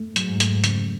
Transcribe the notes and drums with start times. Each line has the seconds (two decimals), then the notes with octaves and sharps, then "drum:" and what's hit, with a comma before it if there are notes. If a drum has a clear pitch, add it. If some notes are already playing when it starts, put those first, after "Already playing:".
Already playing: A3
0.16 G#2 F#3, drum: hi-hat
0.40 A3, drum: hi-hat
0.64 C#3, drum: hi-hat